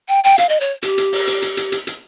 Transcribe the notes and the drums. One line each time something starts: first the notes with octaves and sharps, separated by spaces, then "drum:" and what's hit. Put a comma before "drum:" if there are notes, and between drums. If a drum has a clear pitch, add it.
G5
G5
F5, drum: hi-hat
D#5
C#5
G4, drum: hi-hat
drum: hi-hat
drum: open hi-hat
drum: hi-hat
drum: hi-hat
drum: hi-hat
drum: hi-hat
drum: hi-hat